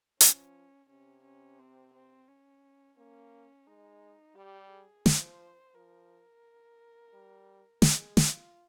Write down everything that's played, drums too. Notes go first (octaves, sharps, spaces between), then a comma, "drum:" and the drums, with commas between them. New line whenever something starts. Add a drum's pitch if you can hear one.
F3 C#4, drum: hi-hat
C3 C#4
C#4
C4
C4
C#4
A#3 C#4
G#3 D#4
G3 G4
G#4
F3 C5, drum: snare
F3 A#4
G3
G#3 G#4, drum: snare
F4, drum: snare